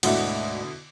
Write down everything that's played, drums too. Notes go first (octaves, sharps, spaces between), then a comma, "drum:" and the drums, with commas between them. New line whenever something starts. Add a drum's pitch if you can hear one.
D2 G#2 B2 D3 E4 F#5, drum: cymbal